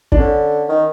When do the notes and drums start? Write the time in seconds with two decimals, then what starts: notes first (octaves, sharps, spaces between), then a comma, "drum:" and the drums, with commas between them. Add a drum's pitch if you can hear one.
0.12 D4, drum: kick
0.17 D3 C#4
0.68 D#3